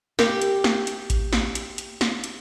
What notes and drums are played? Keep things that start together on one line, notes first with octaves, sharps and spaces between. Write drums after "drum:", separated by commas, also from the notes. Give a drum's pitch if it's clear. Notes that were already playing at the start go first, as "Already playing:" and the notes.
G4 A#4, drum: snare
drum: hi-hat
drum: snare
drum: hi-hat
drum: kick A1, hi-hat
drum: snare
drum: hi-hat
drum: hi-hat
drum: snare
drum: hi-hat